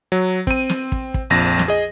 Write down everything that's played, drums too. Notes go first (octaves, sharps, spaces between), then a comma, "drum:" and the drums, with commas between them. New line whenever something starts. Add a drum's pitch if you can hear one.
F#3
C4 D#7, drum: kick
drum: snare
drum: kick
drum: kick
A#1 F2 A#6
drum: snare
G#4 D#5